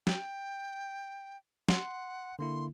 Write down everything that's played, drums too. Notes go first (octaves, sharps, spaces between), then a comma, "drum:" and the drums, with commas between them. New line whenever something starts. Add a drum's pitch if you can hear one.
G5, drum: snare
F#5 C6, drum: snare
D3 A#3 E4 C6